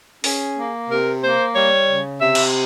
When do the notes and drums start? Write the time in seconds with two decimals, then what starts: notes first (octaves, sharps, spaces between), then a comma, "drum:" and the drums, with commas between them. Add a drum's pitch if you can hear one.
0.24 C#4 G#4, drum: open hi-hat
0.57 A#3
0.89 C3 A#4
1.22 A#3 C5
1.55 G3 C#5
1.88 C#3
2.21 C3 E5
2.35 drum: cymbal